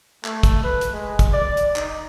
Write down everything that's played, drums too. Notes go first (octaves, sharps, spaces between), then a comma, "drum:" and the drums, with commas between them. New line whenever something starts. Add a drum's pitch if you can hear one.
A3, drum: clap
drum: kick, hi-hat
B4
drum: hi-hat
G#3
drum: kick, hi-hat
D5
drum: hi-hat
D#4, drum: clap